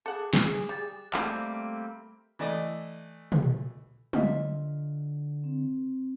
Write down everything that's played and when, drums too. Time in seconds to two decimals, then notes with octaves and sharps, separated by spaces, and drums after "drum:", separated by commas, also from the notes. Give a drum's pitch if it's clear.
0.06 G#4 A4 F#5 D6 F#6
0.33 G#4, drum: snare
0.69 G3 D6 A6
1.14 G3 A3 A#3 C4, drum: clap
2.39 E3 A3 D5 D#5
3.32 drum: tom
4.13 D3 F4 D#5 E5, drum: tom
5.44 C4